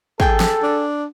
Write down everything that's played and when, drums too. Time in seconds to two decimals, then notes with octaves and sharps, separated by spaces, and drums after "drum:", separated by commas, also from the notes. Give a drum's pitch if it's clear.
0.20 G#4 A4 G5 A5, drum: kick
0.40 drum: snare
0.63 D4